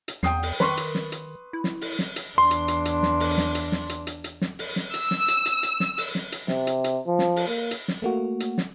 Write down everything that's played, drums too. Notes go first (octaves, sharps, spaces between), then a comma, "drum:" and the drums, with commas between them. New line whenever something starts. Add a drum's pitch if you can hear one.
drum: hi-hat
E2 G5 D#6 C7, drum: snare
drum: open hi-hat
D#3 B4 C6 C#6, drum: snare
drum: hi-hat
drum: snare
drum: hi-hat
E4
drum: snare
drum: open hi-hat
drum: snare
drum: hi-hat
E2 D4 C6
drum: hi-hat
drum: hi-hat
drum: hi-hat
drum: snare
drum: open hi-hat
drum: snare
drum: hi-hat
drum: snare
drum: hi-hat
drum: hi-hat
drum: hi-hat
drum: snare
drum: open hi-hat
drum: snare
E6, drum: hi-hat
drum: snare
drum: hi-hat
drum: hi-hat
drum: hi-hat
drum: snare
drum: open hi-hat
drum: snare
drum: hi-hat
C3, drum: snare
drum: hi-hat
drum: hi-hat
F3
drum: snare
drum: open hi-hat
A#3
drum: hi-hat
drum: snare
A3 A#3 F#4
drum: hi-hat
drum: snare